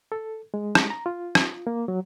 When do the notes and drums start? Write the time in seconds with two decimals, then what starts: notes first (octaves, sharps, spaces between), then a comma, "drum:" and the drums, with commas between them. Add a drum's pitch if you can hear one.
0.12 A4
0.54 G#3
0.75 drum: rim click
0.90 A#5
1.06 F4
1.35 drum: rim click
1.67 A#3
1.88 F#3